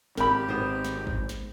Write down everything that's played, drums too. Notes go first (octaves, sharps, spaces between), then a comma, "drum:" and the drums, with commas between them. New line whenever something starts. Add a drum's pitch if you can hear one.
G#1 C4 G4 A#4 B5, drum: snare
G#2 B3 C5
drum: snare
drum: kick
drum: snare